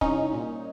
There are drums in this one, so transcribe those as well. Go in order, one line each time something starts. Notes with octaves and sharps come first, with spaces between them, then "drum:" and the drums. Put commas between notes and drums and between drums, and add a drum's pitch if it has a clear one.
C2 C#4 D#4, drum: kick
A#2